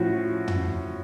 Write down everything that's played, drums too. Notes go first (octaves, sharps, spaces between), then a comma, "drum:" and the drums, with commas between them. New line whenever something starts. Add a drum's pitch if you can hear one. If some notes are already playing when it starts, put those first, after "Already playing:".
Already playing: A2 F3 C#4 F#4
drum: tom